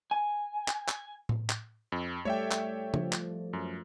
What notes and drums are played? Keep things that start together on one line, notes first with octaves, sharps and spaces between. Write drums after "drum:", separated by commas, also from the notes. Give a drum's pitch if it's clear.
G#5
drum: clap
drum: clap
drum: tom A2
drum: clap
F2
G3 A3 C#5 D5 E5 G5
drum: clap
F3, drum: tom C#3
drum: clap
F#2